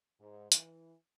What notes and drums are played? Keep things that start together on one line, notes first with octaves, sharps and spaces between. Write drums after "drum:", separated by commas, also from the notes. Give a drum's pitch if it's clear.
G#2
E3, drum: hi-hat